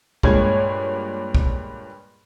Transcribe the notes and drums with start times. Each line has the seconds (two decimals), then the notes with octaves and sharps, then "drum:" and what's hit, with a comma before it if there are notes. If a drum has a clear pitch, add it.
0.23 G2 A#2 G#3 C#5 G#6, drum: kick
1.35 drum: kick